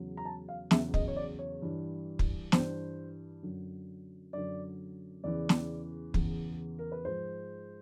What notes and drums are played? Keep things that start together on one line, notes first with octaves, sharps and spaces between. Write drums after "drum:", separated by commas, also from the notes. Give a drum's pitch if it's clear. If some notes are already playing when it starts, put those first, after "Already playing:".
Already playing: E2 C#3 F#3
A#5
A5
F5
E2 C#3 F#3 E5, drum: snare
D#5, drum: kick
C#5
D5
C#5
G2 E3 G3
drum: kick
G2 E3 G3 C5, drum: snare
F#2 D3 F#3
F#2 D3 F#3 D5
E2 C#3 E3 D5
drum: snare
E2 C#3 E3, drum: kick
A#4
B4
G#2 F3 G#3 C5